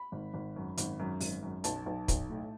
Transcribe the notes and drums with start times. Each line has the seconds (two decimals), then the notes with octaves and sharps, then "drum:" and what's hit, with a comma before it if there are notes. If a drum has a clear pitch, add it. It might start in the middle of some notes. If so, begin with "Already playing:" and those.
Already playing: B5
0.12 G#1
0.34 G#1
0.56 F#2
0.77 G#1, drum: hi-hat
0.99 F#2
1.20 G#1, drum: open hi-hat
1.42 F#2
1.64 B1 A5, drum: hi-hat
1.86 B1
2.08 B1, drum: kick, hi-hat
2.30 A2